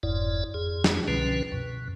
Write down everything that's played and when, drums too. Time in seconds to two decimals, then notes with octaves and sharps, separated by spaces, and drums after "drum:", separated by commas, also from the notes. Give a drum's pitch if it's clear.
0.03 F#1 F2 G#2 E4 D5
0.54 F2 G#4
0.84 drum: snare
1.08 C2 B2 D3 F3 C#4 B4
1.52 F#2 B2